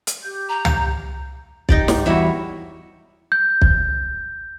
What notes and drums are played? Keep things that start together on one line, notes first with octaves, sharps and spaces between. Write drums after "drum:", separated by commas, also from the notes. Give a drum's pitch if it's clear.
drum: hi-hat
G4 G6
A#5
drum: tom
D#4 G4 D5, drum: kick
G#2, drum: snare
E2 G3 E4 F#4 C#5 E5
G6
drum: kick